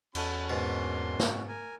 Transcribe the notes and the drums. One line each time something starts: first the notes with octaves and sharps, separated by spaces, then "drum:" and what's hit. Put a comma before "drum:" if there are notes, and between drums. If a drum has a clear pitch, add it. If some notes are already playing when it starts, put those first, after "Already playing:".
E2 C#4 F#4 A4 A5 B5, drum: cymbal
G#2 B2 A#3 D4 C6
drum: snare
A#4 G#5